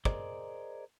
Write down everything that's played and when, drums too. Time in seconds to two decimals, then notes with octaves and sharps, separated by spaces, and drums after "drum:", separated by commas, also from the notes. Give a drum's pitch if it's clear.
0.05 G#4 A#4 C5 D5 D#5, drum: kick